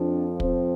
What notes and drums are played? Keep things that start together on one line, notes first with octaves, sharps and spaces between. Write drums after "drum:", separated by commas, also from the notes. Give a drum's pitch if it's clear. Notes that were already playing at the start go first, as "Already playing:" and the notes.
Already playing: F2 F3 C4 D4
C4, drum: kick